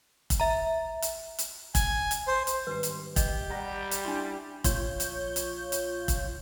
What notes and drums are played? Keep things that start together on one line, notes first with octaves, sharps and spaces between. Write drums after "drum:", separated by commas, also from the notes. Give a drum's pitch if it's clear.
drum: kick, hi-hat
E5 A#5
drum: hi-hat
drum: hi-hat
G#5, drum: kick, hi-hat
drum: hi-hat
C5
drum: hi-hat
G#1 G3 B4 C7
drum: hi-hat
G4 D#5, drum: kick, hi-hat
G3 F#5 A#5 A#6
drum: hi-hat
D4 E4 C6
A#1 F4 C#5 G6, drum: kick, hi-hat
drum: hi-hat
drum: hi-hat
drum: hi-hat
drum: kick, hi-hat